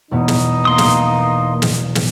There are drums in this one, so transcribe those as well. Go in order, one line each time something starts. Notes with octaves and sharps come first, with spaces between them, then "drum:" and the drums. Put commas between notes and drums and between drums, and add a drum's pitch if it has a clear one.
E2 B2 B3 D#4
drum: snare
A#3 C6 D#6
drum: snare
drum: snare
drum: snare